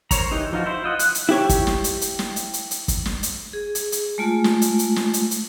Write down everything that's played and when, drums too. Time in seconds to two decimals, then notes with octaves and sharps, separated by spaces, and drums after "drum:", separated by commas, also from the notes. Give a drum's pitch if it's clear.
0.11 A#4 C5 C#5 A#5, drum: kick, hi-hat
0.31 E3 D#4 G4
0.53 F3 D#4 F4 F#4
0.66 E4 C5
0.84 F4 D#5 F#5
0.99 F#6, drum: hi-hat
1.15 drum: hi-hat
1.29 E4 G4 C#5
1.49 drum: kick, hi-hat
1.67 drum: snare
1.84 drum: hi-hat
2.01 drum: hi-hat
2.19 drum: snare
2.36 drum: hi-hat
2.53 drum: hi-hat
2.71 drum: hi-hat
2.88 drum: kick, hi-hat
3.05 drum: snare
3.23 drum: hi-hat
3.53 G#4
3.75 drum: hi-hat
3.92 drum: hi-hat
4.18 G#3 A3 F4
4.44 drum: snare
4.62 drum: hi-hat
4.79 drum: hi-hat
4.96 drum: snare
5.14 drum: hi-hat
5.31 drum: hi-hat